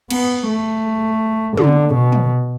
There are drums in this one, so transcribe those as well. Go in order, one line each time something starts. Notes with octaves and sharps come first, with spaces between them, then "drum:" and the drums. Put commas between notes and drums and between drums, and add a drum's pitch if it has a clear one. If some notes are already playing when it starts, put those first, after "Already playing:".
B3, drum: cymbal
A3
D3, drum: tom
B2
drum: tom